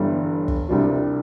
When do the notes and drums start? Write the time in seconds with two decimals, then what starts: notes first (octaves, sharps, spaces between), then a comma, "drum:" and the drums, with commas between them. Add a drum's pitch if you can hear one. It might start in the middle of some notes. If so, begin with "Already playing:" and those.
Already playing: G1 G2 E3 G3
0.48 drum: kick
0.69 C2 C3 G3 D4 F4